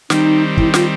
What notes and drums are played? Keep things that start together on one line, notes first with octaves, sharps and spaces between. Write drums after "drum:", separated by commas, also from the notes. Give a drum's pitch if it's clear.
D#3 G3 C4 D#4, drum: snare
E4, drum: kick
F4, drum: snare